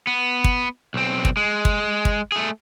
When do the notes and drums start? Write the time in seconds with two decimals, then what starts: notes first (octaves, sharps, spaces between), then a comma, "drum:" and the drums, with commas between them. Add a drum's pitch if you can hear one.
0.07 B3
0.44 drum: kick
0.94 B1 C4
1.25 drum: kick
1.37 G#3
1.65 drum: kick
2.05 drum: kick
2.32 A3 G#4